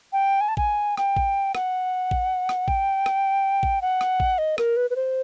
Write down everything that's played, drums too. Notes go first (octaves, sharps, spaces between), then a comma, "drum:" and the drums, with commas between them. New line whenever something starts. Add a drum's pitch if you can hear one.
G5
G#5
A5
G#5, drum: kick A1
G5, drum: rim click
drum: kick A1
F#5, drum: rim click
drum: kick A1
drum: rim click
G5, drum: kick A1
drum: rim click
drum: kick A1
F#5
drum: rim click
drum: kick A1
D#5
A#4, drum: rim click
B4
B4
C5